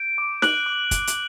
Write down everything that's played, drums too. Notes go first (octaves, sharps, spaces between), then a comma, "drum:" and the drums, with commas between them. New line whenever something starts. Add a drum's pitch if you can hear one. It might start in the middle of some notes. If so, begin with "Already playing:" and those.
Already playing: G6 D7
D6
D6 F#6 F#7, drum: snare
D6
drum: kick, hi-hat
drum: hi-hat